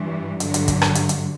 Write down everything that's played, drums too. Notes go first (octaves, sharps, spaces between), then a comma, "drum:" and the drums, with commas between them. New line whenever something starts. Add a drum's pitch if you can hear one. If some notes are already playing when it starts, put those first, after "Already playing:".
Already playing: G2 E3 G3
G2 D3 F#3, drum: hi-hat
drum: hi-hat
drum: kick, hi-hat
drum: rim click
drum: hi-hat
drum: hi-hat